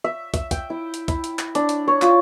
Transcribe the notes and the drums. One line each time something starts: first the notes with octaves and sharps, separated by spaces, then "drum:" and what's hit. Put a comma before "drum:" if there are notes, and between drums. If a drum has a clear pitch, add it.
E5
E5, drum: kick, hi-hat
G5, drum: kick, hi-hat
E4
drum: hi-hat
E4, drum: kick, hi-hat
drum: hi-hat
drum: clap
D4, drum: hi-hat
drum: hi-hat
C#5
F4, drum: clap